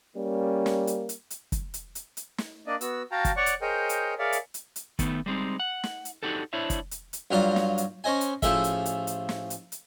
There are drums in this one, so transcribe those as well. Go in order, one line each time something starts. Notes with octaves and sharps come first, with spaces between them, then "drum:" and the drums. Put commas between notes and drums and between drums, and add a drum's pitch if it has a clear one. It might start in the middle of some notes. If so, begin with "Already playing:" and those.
G3 A#3 C#4
drum: snare
drum: hi-hat
drum: hi-hat
drum: hi-hat
drum: kick, hi-hat
drum: hi-hat
drum: hi-hat
drum: hi-hat
drum: snare
A#3 D4 D5 D#5
B3 F#4 E6, drum: hi-hat
F#4 F5 G5 A5 A#5
drum: kick, hi-hat
C#5 D5 F#5 C#6
drum: hi-hat
G#4 A#4 C5 C#5 D#5 G5
drum: hi-hat
G#4 A#4 C#5 D5 E5 F5
drum: hi-hat
drum: hi-hat
drum: hi-hat
D#3 A3 B3 D#4, drum: kick, hi-hat
G3 G#3 C4 D#4
F#5
drum: snare
drum: hi-hat
D4 D#4 F#4 G4 A4
D4 E4 C5 C#5 E5
drum: kick, hi-hat
drum: hi-hat
drum: hi-hat
G2 F#3 F4 D5 A#5 D6
drum: snare
drum: hi-hat
C#4 C5 D#5 G#5
drum: hi-hat
A1 F3 G#4 A4 E5, drum: kick, hi-hat
drum: hi-hat
drum: hi-hat
drum: hi-hat
drum: snare
drum: hi-hat
drum: hi-hat